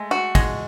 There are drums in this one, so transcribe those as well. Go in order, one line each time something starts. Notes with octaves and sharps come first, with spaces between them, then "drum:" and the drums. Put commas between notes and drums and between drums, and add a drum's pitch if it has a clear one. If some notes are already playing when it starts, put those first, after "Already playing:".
Already playing: G#3 A3
F#4
G#3, drum: kick, cymbal